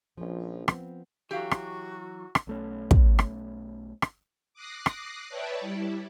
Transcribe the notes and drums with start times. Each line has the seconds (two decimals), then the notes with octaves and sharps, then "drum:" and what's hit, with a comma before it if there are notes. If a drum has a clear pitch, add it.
0.18 A#1 F3 C#4
0.68 F3 B3 C4, drum: rim click
1.31 E3 F#3 F#4 G4 F5
1.51 drum: rim click
2.35 drum: rim click
2.47 B1 A3 C#4
2.91 drum: kick
3.19 drum: rim click
4.02 drum: rim click
4.54 D6 D#6 F#6 A#6 C7
4.86 drum: rim click
5.29 B4 C#5 D5 E5 G5 A5
5.61 G3 E4